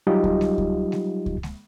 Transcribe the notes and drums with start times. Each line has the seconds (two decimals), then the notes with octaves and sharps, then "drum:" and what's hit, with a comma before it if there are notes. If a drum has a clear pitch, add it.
0.07 F#3 G3 D#4 F4 G4 D#5
0.24 drum: kick C#2
0.41 drum: snare G#3
0.58 drum: kick C#2
0.92 drum: snare G#3
1.26 drum: kick C#2
1.43 drum: snare G#3